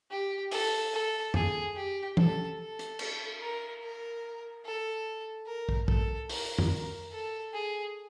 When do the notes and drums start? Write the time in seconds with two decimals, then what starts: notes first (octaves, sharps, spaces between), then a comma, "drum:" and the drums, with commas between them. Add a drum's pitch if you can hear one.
0.11 G4
0.51 A4, drum: open hi-hat
0.93 A4
1.34 G#4, drum: tom F2
1.76 G4
2.17 A4, drum: tom E3
2.58 A4
2.79 drum: hi-hat
2.99 drum: cymbal
3.41 A#4
3.82 A#4
4.65 A4
5.47 A#4
5.69 drum: kick
5.88 A4, drum: kick
6.29 A#4, drum: open hi-hat
6.58 drum: tom F2
7.12 A4
7.53 G#4